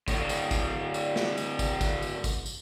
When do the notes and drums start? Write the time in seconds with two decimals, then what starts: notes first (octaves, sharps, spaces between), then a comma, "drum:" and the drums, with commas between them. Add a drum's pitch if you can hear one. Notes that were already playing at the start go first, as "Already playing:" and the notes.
0.08 A2 D3, drum: kick, tambourine
0.29 drum: tambourine
0.51 drum: kick, tambourine
0.94 drum: tambourine
1.16 drum: snare
1.38 drum: tambourine
1.59 drum: kick, tambourine
1.81 drum: kick, tambourine
2.02 drum: tambourine
2.24 drum: kick, tambourine
2.46 drum: tambourine